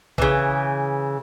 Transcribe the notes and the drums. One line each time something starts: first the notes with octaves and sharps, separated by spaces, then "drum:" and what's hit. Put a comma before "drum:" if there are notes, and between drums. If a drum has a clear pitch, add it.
C#3 E3, drum: kick A#1